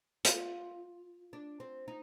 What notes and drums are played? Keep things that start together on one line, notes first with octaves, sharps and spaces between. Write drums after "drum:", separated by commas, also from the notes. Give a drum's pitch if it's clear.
F4, drum: hi-hat
D4
C4
D#4